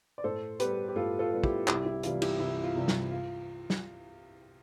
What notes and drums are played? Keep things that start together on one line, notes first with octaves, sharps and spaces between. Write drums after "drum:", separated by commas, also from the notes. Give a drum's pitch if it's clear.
D5
A2 A4 C5
G3 B3 G4 B4, drum: hi-hat
G4
A2 F4 A4
F4 A4
G3 B3
E4 G4, drum: kick
C2 E4 G4, drum: clap
E4
C3 E3 G3 F4, drum: hi-hat
E4 G4, drum: cymbal
C2 E4
F4
C3 E3 G3
drum: snare
F4
drum: snare